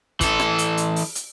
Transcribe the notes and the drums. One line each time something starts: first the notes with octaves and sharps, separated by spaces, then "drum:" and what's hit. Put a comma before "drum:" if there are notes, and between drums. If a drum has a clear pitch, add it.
E3 A4, drum: kick, hi-hat
drum: rim click
drum: hi-hat
drum: hi-hat
drum: open hi-hat
drum: hi-hat